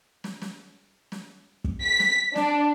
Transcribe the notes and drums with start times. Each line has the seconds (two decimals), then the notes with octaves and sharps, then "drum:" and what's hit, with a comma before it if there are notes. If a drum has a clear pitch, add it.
0.24 drum: snare
0.41 drum: snare
1.12 drum: snare
1.64 drum: kick
1.82 B6
2.00 drum: snare
2.36 D4, drum: snare